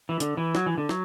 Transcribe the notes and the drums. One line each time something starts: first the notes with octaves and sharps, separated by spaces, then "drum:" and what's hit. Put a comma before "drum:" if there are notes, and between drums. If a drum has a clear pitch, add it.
E3
D3, drum: hi-hat
E3
F#3, drum: snare
E3
D3
F#3, drum: snare